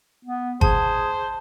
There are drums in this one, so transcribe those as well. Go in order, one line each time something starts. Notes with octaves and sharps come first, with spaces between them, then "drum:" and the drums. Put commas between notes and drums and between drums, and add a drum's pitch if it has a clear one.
B3
G#4 C5 A5, drum: kick